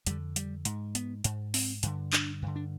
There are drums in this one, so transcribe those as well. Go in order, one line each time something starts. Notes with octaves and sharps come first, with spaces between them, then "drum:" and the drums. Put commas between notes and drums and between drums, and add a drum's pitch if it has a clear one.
F2 D3 G3, drum: hi-hat
G3, drum: hi-hat
G#2, drum: hi-hat
B3, drum: hi-hat
G#2, drum: hi-hat
C4, drum: open hi-hat
G2 D3, drum: hi-hat
D4, drum: clap
G2 D3
D4